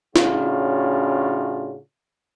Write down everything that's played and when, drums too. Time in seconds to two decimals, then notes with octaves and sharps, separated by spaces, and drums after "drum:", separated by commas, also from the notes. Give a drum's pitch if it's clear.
0.16 A2 C#3 C#4 D4 F4 F#4, drum: snare